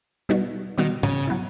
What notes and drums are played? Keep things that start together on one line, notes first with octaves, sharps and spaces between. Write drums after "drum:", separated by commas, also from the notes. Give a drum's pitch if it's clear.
B2 G3 B3 D#4 F#4
B2 D#3 G3 B3 D#4 F#4
C#3, drum: tom G#2
F#3 B3 E4